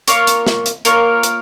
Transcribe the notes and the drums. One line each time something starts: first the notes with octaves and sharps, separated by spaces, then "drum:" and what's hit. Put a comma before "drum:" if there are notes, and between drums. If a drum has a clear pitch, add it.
A#3 F4 A#4 C#5, drum: hi-hat
drum: hi-hat
drum: snare
drum: hi-hat
A#3 F4 A#4 C#5, drum: hi-hat
drum: hi-hat